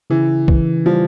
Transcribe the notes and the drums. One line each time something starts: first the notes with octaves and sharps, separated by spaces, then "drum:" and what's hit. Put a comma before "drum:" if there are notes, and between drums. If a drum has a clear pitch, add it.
C#3 E3
E3, drum: kick
F3 G3